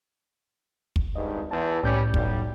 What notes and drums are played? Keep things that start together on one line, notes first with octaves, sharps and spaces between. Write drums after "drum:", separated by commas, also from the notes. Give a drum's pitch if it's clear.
drum: kick
G#1 G2 D#5
E2 A5
C2 A2 G3 C#4 G6
B1 G3, drum: kick